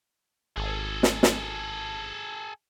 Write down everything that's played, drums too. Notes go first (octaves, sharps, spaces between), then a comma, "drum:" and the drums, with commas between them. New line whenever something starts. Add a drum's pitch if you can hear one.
G#1 G#4 A4
drum: snare
drum: snare